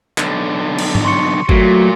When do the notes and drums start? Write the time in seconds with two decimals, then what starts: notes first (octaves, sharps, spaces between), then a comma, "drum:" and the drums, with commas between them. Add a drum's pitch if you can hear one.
0.18 B1 D3, drum: clap
0.79 drum: cymbal
0.95 drum: tom G#2
1.05 C6 C#6 C#7
1.49 A#2 F#3 A3 F#4, drum: kick G1